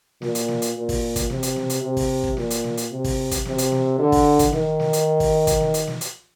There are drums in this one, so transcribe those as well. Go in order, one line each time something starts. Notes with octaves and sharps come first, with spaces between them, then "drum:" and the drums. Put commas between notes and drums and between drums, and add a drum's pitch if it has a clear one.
A#2, drum: snare
drum: hi-hat
drum: snare
drum: hi-hat
A#2
drum: kick, open hi-hat
drum: kick, hi-hat
C3, drum: snare
drum: hi-hat
drum: snare
drum: hi-hat
C3
drum: kick, open hi-hat
drum: kick
A#2, drum: snare
drum: hi-hat
drum: snare
drum: hi-hat
C3
drum: kick, open hi-hat
drum: kick, hi-hat
C3, drum: snare
drum: hi-hat
drum: snare
D3
drum: kick, open hi-hat
drum: kick, hi-hat
D#3, drum: snare
drum: snare
drum: hi-hat
drum: kick, open hi-hat
drum: kick, hi-hat
drum: snare
drum: hi-hat
drum: snare
drum: hi-hat